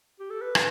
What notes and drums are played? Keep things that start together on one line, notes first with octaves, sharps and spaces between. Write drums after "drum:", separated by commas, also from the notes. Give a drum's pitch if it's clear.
G4
A4
B4
drum: rim click